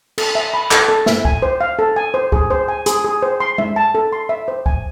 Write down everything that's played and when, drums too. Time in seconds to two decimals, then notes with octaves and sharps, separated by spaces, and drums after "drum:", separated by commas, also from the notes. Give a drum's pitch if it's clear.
0.18 A4, drum: cymbal
0.35 E5
0.54 B5
0.71 A4, drum: clap
0.88 A4
1.06 E5, drum: snare
1.25 G#5, drum: kick C#2
1.42 C5
1.61 F5
1.79 A4
1.96 G#5
2.14 C5
2.32 G#4, drum: kick C#2
2.50 C5
2.68 G#5
2.86 G#4, drum: hi-hat
3.04 G#4
3.23 C5
3.40 C6
3.58 E5, drum: tom G#3
3.76 A5
3.95 A4
4.13 C6
4.29 E5
4.48 C5
4.66 G#5, drum: kick C#2